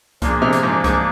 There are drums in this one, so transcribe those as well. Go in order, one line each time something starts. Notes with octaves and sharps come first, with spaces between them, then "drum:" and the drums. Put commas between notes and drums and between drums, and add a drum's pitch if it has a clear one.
A#2 F3 A#3 D4 G#4, drum: kick C2, hi-hat
C3
drum: hi-hat
G#2
G#2, drum: kick C2, hi-hat